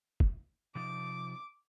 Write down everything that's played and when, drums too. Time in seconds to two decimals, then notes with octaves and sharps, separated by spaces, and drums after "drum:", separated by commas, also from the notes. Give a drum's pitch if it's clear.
0.20 drum: kick
0.75 C3 F3 D#4 D6